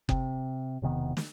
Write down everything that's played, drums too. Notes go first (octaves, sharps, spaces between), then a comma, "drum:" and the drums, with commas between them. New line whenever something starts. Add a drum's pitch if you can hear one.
C3, drum: kick F#1
E1 C3 D#3 B3
drum: snare